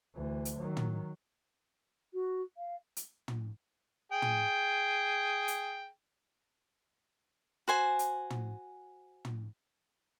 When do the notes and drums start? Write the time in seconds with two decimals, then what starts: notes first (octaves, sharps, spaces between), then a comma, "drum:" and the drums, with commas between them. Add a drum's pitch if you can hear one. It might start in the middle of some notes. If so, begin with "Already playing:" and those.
0.16 D2 E3
0.45 drum: hi-hat
0.57 D#3 F#3
0.77 drum: tom
2.13 F#4
2.57 F5
2.96 drum: hi-hat
3.28 drum: tom
4.12 G#4 G5
4.22 drum: tom
5.48 drum: hi-hat
7.68 F#4 C5 G#5
7.99 drum: hi-hat
8.30 drum: tom
9.25 drum: tom